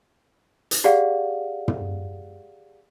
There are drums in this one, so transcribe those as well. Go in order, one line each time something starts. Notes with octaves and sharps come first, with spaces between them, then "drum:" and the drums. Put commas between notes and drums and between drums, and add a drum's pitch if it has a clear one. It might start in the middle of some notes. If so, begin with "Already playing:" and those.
drum: hi-hat
G4 G#4 D5 F5 F#5
drum: tom